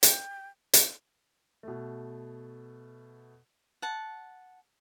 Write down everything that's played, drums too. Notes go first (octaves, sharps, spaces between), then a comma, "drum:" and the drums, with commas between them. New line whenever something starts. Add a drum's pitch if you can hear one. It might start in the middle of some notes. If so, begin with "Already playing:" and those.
G5, drum: hi-hat
drum: hi-hat
B2 A3
F#5 A5